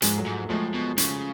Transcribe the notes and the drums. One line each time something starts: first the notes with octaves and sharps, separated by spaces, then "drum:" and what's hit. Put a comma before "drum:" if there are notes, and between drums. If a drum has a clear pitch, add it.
G#2 F3 G#3, drum: hi-hat
F#3 A3
G#2
A3
A2 F3 G#3
B2
C#3, drum: hi-hat